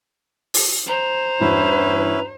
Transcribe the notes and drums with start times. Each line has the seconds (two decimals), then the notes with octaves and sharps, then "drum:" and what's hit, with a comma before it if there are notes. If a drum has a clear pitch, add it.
0.54 drum: open hi-hat
0.88 C5 A#5
1.40 E2 G2 C#4 E4 F#4 B4